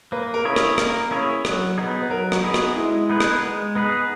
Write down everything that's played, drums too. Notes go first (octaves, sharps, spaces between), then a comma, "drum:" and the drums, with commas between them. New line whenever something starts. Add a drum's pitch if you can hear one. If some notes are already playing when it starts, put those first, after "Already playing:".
A#3 B4
A#4
C#4 E4 G#4 C#5
A#4, drum: rim click
A#3 A#4, drum: rim click
C#4 E4 G#4 C#5
F#3, drum: rim click
B3 D#4 G#4
B4
F#3 A#4
F#4, drum: rim click
B3 D#4 G#4
F#4, drum: rim click
G#3 E4
B3 D#4 G#4 B4
drum: rim click
G#3
B3 D#4 G#4 B4